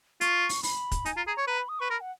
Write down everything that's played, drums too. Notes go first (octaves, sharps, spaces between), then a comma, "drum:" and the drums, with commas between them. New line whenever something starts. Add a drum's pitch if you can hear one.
F4 C#6, drum: hi-hat
drum: open hi-hat
B5, drum: open hi-hat
drum: kick, hi-hat
D#4 G#5, drum: hi-hat
F4 A#5
G#4 A#5
C#5
B4 A#5
B5
D#6
B4 C#6
A#4 B5
F#5